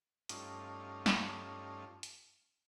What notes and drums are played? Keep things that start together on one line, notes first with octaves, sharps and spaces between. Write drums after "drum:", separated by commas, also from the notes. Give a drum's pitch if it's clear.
G2 A3 C#4 D#4 F4, drum: hi-hat
drum: snare
drum: hi-hat